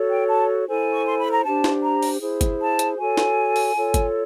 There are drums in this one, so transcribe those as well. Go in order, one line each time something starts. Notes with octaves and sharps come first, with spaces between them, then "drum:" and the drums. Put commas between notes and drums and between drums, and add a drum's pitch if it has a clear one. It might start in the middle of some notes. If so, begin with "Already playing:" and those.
Already playing: F#4 A4 C#5
G5
A5
E4 A4 C5 G#5
C#6
C6
B5
A#5
D4 G4 C5 A5
drum: snare
A#5
drum: open hi-hat
E4 G#4 C5
drum: kick G1, hi-hat
A5
drum: hi-hat
F#4 A4 C#5 G#5
drum: snare
drum: open hi-hat
F4 A4 C#5
drum: kick G1, hi-hat